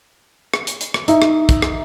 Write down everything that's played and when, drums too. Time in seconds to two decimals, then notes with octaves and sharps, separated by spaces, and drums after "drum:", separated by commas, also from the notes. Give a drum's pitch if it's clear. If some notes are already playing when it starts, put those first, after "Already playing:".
0.54 drum: rim click
0.67 drum: hi-hat
0.81 drum: hi-hat
0.94 drum: rim click
1.08 D#4 E5, drum: hi-hat
1.22 drum: rim click
1.49 drum: kick, hi-hat
1.62 drum: rim click